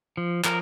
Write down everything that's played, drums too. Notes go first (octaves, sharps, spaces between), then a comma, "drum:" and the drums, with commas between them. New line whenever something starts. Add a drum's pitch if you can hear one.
F3
F3 A#4, drum: clap